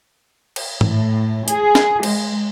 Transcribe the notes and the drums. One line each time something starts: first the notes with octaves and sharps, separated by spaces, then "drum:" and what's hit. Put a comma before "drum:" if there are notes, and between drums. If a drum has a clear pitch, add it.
drum: cymbal
A2, drum: tom G#2
G#4, drum: hi-hat
drum: snare
G#3, drum: cymbal